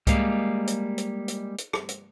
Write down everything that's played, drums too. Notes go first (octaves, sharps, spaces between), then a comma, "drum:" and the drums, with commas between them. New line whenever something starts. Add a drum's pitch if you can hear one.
G3 G#3 A#3 F5, drum: kick C#2, hi-hat
drum: hi-hat
drum: hi-hat
drum: hi-hat
drum: hi-hat
drum: rim click
drum: hi-hat